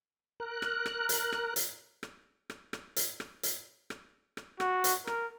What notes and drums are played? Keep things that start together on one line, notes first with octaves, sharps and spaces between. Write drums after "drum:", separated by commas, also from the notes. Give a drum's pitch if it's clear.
A#4 F#6
drum: rim click
drum: rim click
drum: hi-hat
drum: rim click
drum: hi-hat
drum: rim click
drum: rim click
drum: rim click
drum: hi-hat
drum: rim click
drum: hi-hat
drum: rim click
drum: rim click
F#4, drum: rim click
drum: hi-hat
A#4, drum: rim click